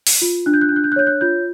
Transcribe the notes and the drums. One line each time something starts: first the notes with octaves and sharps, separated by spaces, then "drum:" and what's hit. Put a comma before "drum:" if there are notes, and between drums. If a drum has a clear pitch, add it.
drum: open hi-hat
F4
D4 F#6
G6
F#6
G6
D4 F#6
G6
F#6
C#5 G6
F#6
F4 G6